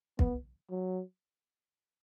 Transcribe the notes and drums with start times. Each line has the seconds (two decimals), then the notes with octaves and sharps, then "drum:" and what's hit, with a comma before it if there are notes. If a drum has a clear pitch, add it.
0.19 B3, drum: kick
0.71 F#3